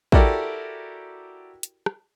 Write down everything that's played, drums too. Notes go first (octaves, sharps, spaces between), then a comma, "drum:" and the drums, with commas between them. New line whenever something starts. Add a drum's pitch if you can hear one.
E4 F#4 G4 A4 A#4 D5, drum: kick
drum: hi-hat
drum: rim click